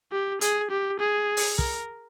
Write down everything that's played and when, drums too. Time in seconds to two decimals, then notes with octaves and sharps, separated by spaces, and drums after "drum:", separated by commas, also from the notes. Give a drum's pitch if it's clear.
0.12 G4
0.41 G#4, drum: hi-hat
0.71 G4
1.00 G#4
1.37 drum: open hi-hat
1.59 A#4, drum: kick